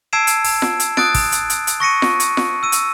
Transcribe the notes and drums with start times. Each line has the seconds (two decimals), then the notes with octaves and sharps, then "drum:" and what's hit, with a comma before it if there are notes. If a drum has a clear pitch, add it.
0.13 A5 E6 G#6 C7 D7 E7
0.27 drum: hi-hat
0.45 drum: open hi-hat
0.62 drum: snare F4
0.80 drum: hi-hat
0.97 D#6 F#6 A6 D7, drum: snare F4
1.15 drum: kick, open hi-hat
1.32 drum: hi-hat
1.50 drum: hi-hat
1.67 drum: hi-hat
1.80 C#6 A#6 C#7 D#7
2.02 drum: snare F4
2.20 drum: hi-hat
2.37 drum: snare F4
2.63 E6 D#7
2.72 drum: hi-hat